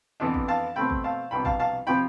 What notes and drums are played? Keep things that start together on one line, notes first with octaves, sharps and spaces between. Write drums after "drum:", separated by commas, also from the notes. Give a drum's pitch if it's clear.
F2 E3 B3 D4
drum: kick
F5 A5
B2 A3 C4 G5 B5
drum: kick
F5 A5
C2 B2 B3 D4 G5 B5
F5 A5, drum: kick
F5 A5
C3 F3 G5 B5